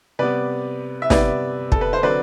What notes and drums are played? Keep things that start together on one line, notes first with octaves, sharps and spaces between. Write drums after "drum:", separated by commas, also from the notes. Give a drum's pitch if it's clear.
C3 G3 B3 B4 D5
E5
C3 G3 B3 B4 D5, drum: snare
A4, drum: kick
B4
C5
D3 F#3 C4 B4 D5